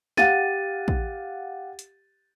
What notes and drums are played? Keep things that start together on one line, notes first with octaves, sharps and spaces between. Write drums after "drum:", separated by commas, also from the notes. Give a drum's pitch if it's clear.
G4 F5 F#5 A6 D#7, drum: snare
drum: kick
drum: hi-hat